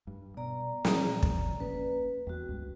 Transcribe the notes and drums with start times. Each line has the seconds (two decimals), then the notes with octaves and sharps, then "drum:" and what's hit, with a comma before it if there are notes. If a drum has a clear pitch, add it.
0.07 G2
0.37 B2 D5 A#5
0.85 A#2 E3 F3, drum: snare
1.23 drum: kick
1.60 A#3 B3 C#4 B4
2.27 E2 G3 F#4
2.49 C#2 G2